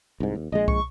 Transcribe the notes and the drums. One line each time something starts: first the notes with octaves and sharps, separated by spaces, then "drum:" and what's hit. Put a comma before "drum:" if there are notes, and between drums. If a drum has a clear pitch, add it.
C2 G#2
D#2
A#1 G#3 D#5
C#6, drum: kick